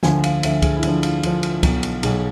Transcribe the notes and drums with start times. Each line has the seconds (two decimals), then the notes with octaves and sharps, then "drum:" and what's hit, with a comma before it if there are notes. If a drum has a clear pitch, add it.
0.03 D2 D3 F3 G#5, drum: snare
0.24 F5, drum: cymbal
0.43 D2 D3 F3 E5, drum: cymbal
0.62 G#4, drum: kick C#2, cymbal
0.77 E4
0.83 D2 D3 F3 D4, drum: cymbal
1.03 F4, drum: cymbal
1.23 D2 D3 F3 F4, drum: cymbal
1.43 drum: cymbal
1.63 B1 B2, drum: kick C#2, cymbal
1.83 drum: cymbal
2.03 B1 B2 G#4, drum: cymbal